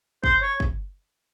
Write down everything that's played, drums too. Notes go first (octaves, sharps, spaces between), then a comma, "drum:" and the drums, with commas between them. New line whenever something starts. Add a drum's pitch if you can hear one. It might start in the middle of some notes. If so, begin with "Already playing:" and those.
C5, drum: kick
C#5
drum: kick